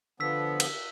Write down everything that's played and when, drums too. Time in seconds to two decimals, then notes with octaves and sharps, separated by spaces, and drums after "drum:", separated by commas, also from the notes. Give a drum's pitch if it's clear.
0.20 D3 F3 B3 E6 B6
0.60 drum: cymbal